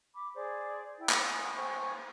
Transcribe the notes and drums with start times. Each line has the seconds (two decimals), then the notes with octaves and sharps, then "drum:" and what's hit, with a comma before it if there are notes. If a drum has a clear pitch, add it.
0.15 B5 D6
0.35 G#4 C5 D5
0.98 E4 G5
1.09 drum: clap
1.23 G#5 D#6
1.54 C5 G5 G#5 C#6